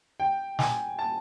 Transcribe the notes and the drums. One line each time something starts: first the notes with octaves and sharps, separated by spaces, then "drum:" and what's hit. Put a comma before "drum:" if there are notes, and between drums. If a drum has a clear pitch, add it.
G5
G#5, drum: snare
A5